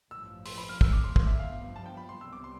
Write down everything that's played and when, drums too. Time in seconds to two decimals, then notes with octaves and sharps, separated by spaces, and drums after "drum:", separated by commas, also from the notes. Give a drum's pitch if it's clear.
0.11 A1 G2 F3 E6
0.46 C6, drum: open hi-hat
0.58 B5
0.69 F6
0.81 F1 E2 D3 A3 E6, drum: kick
0.93 D6
1.04 C6
1.16 C6, drum: kick
1.27 E5
1.39 F5
1.50 G2 F3 B3
1.76 A5
1.86 G5
1.97 B5
2.09 C6
2.21 C2 C3 G3 B3 E6
2.33 D6
2.44 C6